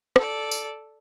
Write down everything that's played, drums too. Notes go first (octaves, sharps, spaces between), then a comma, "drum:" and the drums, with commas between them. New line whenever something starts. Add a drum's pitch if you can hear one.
A4 D5, drum: rim click
drum: tambourine